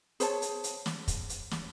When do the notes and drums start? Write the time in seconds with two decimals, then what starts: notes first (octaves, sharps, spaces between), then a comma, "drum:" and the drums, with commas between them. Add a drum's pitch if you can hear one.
0.20 G#4 C5 C#5 A5, drum: hi-hat
0.42 drum: hi-hat
0.64 drum: hi-hat
0.86 drum: snare
1.08 drum: kick, hi-hat
1.29 drum: hi-hat
1.51 drum: snare